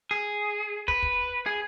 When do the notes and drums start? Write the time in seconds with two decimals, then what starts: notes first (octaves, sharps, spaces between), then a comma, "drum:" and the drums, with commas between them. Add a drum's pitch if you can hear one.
0.11 G#4
0.88 B4, drum: kick
1.03 drum: kick
1.46 G#4